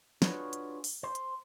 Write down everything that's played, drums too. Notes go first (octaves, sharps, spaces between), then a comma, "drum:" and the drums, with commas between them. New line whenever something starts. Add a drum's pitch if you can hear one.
D4 F4 F#4 G#4 B4 C#5, drum: snare
drum: hi-hat
drum: open hi-hat
C5
drum: hi-hat